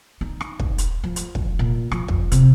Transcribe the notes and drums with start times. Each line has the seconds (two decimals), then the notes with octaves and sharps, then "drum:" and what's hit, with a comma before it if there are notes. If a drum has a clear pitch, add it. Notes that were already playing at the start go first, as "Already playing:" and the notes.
0.21 D#4
0.41 drum: rim click
0.59 drum: kick
0.78 drum: hi-hat
1.04 F3
1.16 drum: hi-hat
1.35 drum: kick
1.59 A#2
1.92 F3, drum: rim click
2.08 F2, drum: kick
2.32 C3, drum: hi-hat